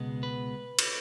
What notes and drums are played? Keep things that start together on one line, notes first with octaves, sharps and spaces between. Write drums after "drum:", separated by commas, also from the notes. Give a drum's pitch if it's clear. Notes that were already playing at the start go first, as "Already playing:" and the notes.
Already playing: C#2 B2 G#3 B3
B4
drum: cymbal